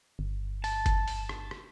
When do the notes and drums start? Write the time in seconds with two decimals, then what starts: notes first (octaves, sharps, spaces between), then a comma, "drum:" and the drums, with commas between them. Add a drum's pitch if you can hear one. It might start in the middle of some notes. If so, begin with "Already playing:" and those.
0.19 G1
0.64 A5, drum: open hi-hat
0.86 drum: kick F#1, hi-hat
1.08 drum: open hi-hat
1.29 drum: rim click
1.51 drum: rim click